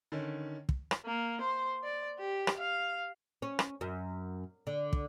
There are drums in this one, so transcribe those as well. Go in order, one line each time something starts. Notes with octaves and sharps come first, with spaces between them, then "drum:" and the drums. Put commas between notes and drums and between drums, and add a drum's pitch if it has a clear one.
D3 D#3 C#4
drum: kick
drum: rim click
A#3
C5
D5
G4
drum: rim click
F5
C#4
drum: rim click
F#2
D3
drum: kick